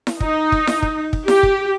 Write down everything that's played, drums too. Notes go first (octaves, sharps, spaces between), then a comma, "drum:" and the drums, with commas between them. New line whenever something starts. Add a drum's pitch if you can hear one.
drum: snare E4
D#4, drum: kick
drum: kick
drum: snare E4
drum: kick
drum: kick
G4, drum: snare E4
drum: kick